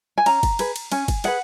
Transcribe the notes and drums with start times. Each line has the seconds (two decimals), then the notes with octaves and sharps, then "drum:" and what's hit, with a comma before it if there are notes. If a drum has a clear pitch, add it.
0.18 G#5
0.26 C#4 A#5, drum: cymbal
0.43 drum: kick, cymbal
0.59 G#4 B4, drum: cymbal
0.76 drum: cymbal
0.92 C#4 G#5, drum: cymbal
1.08 drum: kick, cymbal
1.24 G#4 B4 F#5, drum: cymbal